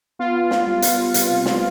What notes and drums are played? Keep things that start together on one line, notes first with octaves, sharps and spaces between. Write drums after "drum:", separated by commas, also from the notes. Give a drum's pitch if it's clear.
B3 F4
drum: snare
G3
drum: hi-hat
C3, drum: hi-hat
drum: snare